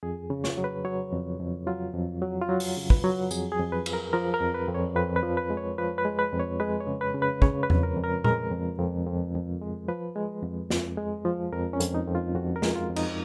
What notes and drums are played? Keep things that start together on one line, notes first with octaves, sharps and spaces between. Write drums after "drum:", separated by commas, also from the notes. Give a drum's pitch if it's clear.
F2 G#4
C#3
C#5, drum: snare
F#3
B4
F#3 C#5
F2
F2
F#3 F4
F2
F#3
F4
F#3 F#4
drum: open hi-hat
C#3
B4, drum: kick
F#3
F2 G#4, drum: tambourine
G#4
F2
B4
F3, drum: cymbal
A#4
F3 A#4
A#4
F2
B4
F2
C#5
F2 B4
B4
F3
B4
G#3
C#5
F3 B4
B4
G#3
B4
F2
C#5
G#3 B4
C#5
C#3
B4
C#3
B4
C#3 C#5, drum: kick
B4
F2, drum: tom E2
A#4
F2
A#4
G#3 A#4, drum: tom A#2
F2
F2
F2
F2
G#3
F3 B4
G#3
F2
F2, drum: snare
G#3
F3
F2 A#4
C#4
F2, drum: hi-hat
D#4
F2
F4
F2 F#4
A#4
G#3, drum: snare
F4
F2
D#4, drum: cymbal